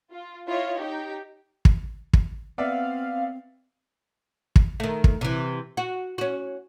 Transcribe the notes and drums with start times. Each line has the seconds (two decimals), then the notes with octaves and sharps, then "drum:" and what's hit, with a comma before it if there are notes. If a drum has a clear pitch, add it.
0.13 F4
0.48 E4 F4 C#5 D#5 E5
0.79 D#4 G4 G5
1.65 drum: kick
2.13 drum: kick
2.58 B3 C4 D5 E5 F5
4.56 drum: kick
4.80 D#3 A3
5.04 drum: kick
5.21 C3 E3
5.77 F#4
6.18 C#4 F#4